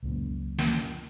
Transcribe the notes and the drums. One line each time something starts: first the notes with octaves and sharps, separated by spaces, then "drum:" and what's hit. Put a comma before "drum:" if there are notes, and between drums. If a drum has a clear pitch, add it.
C#2 F#2 A#2
drum: snare